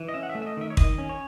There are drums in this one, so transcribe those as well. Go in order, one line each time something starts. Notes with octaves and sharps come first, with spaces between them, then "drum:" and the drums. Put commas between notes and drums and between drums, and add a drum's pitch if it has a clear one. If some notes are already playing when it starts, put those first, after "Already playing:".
Already playing: E3
D#5
C#4 E5
F#5
E5
A3
E5
D#5
D#3 E5
C#5
D#3 D#5, drum: kick
C#4
C#5